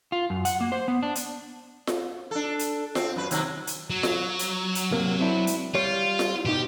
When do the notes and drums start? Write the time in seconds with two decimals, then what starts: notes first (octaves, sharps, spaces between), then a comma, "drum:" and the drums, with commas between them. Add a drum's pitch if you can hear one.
0.12 F4
0.30 F#2
0.45 F#5, drum: hi-hat
0.61 A#3
0.72 C5
0.88 B3
1.03 D4
1.15 drum: hi-hat
1.87 drum: snare F4
2.31 D4 A4
2.59 drum: hi-hat
2.95 C4, drum: snare F4
3.16 F#2 B4
3.31 D#2 C3 F#3, drum: hi-hat
3.67 drum: hi-hat
3.90 F#3
4.03 drum: snare F4
4.39 drum: hi-hat
4.75 drum: hi-hat
4.92 C2 C3 A#3
5.20 C4 D4 E4
5.47 drum: hi-hat
5.75 G3 F4 C#5
6.19 drum: snare F4
6.45 B2 D#4 G4